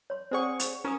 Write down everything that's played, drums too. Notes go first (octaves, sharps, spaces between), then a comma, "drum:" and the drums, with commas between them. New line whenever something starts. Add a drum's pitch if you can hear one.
C#5 C6
C4 G#4 C5 D5 F#5 C#6
drum: hi-hat
C#4 A#4 A#5 D#6